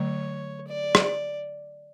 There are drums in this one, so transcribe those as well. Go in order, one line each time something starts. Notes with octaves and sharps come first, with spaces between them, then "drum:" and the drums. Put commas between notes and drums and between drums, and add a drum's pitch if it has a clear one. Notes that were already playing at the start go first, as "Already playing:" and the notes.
Already playing: D3 F#3 A3 C#5
D5
drum: rim click